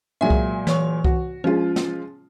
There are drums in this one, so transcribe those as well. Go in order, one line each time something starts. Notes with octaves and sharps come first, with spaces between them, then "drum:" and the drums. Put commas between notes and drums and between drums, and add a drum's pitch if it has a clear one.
A#2 F#3 G#3 E5 G#5
drum: kick C2
E3 C#5 C#6, drum: snare
F#4, drum: kick C2
F3 G#3 C#4 F4
drum: snare